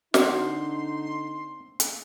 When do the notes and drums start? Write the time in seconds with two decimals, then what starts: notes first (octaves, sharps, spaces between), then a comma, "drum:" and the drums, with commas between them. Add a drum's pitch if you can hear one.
0.14 D3 C4 D4 D#4 F#5 C6, drum: snare
1.80 drum: hi-hat